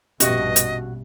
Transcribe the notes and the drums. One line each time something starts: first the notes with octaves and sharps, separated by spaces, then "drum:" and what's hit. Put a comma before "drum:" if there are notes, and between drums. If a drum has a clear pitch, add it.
A#1 G2 B2 C#4 F#4 G4 D#5 E5, drum: hi-hat
drum: hi-hat